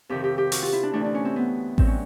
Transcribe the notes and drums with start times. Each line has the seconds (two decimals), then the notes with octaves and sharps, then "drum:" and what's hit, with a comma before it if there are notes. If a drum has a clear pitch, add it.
0.09 F2 C3 D#3 G4
0.24 G4
0.38 G4
0.52 F#4, drum: open hi-hat
0.62 F4
0.73 E4
0.83 D4
0.93 D2 C3 E3 A3 D4
1.04 D4
1.15 C#4
1.25 C4
1.36 B3
1.78 G2 D#3 F#3 C4, drum: kick A1
1.87 C#4